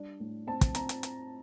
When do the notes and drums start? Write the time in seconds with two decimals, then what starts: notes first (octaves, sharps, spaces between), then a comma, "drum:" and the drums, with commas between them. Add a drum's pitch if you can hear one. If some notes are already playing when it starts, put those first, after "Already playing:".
Already playing: G3 D4
0.20 A2
0.47 C4 A5
0.61 drum: kick, hi-hat
0.75 C4 A#5, drum: hi-hat
0.89 drum: hi-hat
1.03 drum: hi-hat